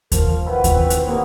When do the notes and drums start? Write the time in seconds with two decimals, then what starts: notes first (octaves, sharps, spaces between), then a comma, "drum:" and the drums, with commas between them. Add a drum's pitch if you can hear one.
0.12 F3 A#4, drum: kick D#2, hi-hat
0.46 D#3 E4 F#4 B4
0.64 drum: kick D#2, hi-hat
0.74 C4
0.90 drum: hi-hat
1.07 C3 A#3 B3 C#5